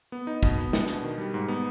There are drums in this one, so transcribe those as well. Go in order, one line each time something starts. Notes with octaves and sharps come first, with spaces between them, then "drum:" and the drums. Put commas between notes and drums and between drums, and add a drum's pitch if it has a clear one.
B3
D#4
B2, drum: kick
B3
D4, drum: snare
B2, drum: hi-hat
D#3
G3
G#2
B3